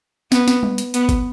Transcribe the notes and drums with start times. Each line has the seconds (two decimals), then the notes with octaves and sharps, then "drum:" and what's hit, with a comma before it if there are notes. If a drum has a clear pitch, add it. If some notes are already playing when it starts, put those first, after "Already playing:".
0.32 B3, drum: snare
0.48 drum: snare
0.63 drum: tom G3
0.78 drum: hi-hat
0.94 B3, drum: hi-hat
1.09 drum: kick G#1, hi-hat